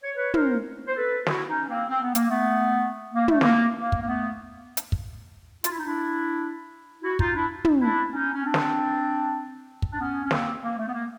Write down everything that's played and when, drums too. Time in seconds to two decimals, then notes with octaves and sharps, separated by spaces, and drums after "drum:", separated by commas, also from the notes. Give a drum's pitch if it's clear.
0.03 C#5
0.16 B4 C#5
0.34 A#4 C5, drum: tom
0.87 C5
0.96 A4 B4
1.26 E4 F#4, drum: snare
1.48 C#4 D#4
1.69 A#3 C4
1.90 C4
2.02 B3
2.15 A#3, drum: hi-hat
2.29 A3 B3
3.14 A#3
3.28 A3, drum: tom
3.41 A#3, drum: snare
3.77 A#3
3.92 drum: kick
4.02 A#3
4.08 A3 B3
4.77 drum: hi-hat
4.92 drum: kick
5.64 F4, drum: hi-hat
5.71 E4
5.78 D#4
5.85 D4 E4
7.03 E4 F#4
7.19 D#4 F4, drum: kick
7.34 D4 E4
7.65 drum: tom
7.81 D4 E4
8.13 C#4 D#4
8.33 C#4
8.44 C4 D4
8.54 drum: snare
9.82 drum: kick
9.92 D4
9.99 B3 C#4
10.25 C#4
10.31 A#3 C4, drum: snare
10.63 A#3
10.77 A3
10.88 B3
10.93 A#3